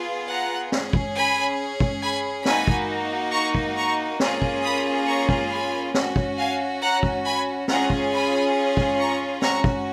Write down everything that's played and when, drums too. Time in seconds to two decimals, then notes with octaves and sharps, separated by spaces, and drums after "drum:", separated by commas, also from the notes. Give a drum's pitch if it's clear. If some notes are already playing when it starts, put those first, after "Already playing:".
Already playing: B3 F4 G#4
0.28 F#5 A#5
0.72 C#4 G#4, drum: snare
0.93 drum: kick
1.15 G#5 B5
1.80 drum: kick
2.02 G#5 B5
2.45 A#3 D#4 F#4 G#5 B5, drum: snare
2.67 drum: kick
3.32 A#5 C#6
3.55 drum: kick
3.77 A#5 C#6
4.20 A#3 C#4 F4 G#4, drum: snare
4.42 drum: kick
4.64 B5 D#6
5.07 A#5 C#6
5.29 drum: kick
5.50 G#5 B5
5.94 C#4 F#4, drum: snare
6.16 drum: kick
6.37 F5 G#5
6.81 F#5 A#5
7.03 drum: kick
7.24 G#5 B5
7.68 C#4 F4 G#4 F#5 A#5, drum: snare
7.90 drum: kick
8.12 G#5 B5
8.77 drum: kick
8.99 A#5 C#6
9.42 C#4 F#4 A#5 C#6, drum: snare
9.64 drum: kick